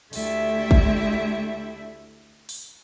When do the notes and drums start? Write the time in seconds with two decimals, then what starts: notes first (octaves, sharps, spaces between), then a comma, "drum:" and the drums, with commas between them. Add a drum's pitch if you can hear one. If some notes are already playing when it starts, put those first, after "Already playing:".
0.13 D2 A3 E4 G4 E5, drum: open hi-hat
0.71 drum: kick
2.49 drum: open hi-hat